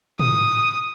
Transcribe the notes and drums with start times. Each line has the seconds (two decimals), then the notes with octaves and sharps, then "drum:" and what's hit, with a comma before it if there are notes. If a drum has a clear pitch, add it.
0.20 D#6, drum: tom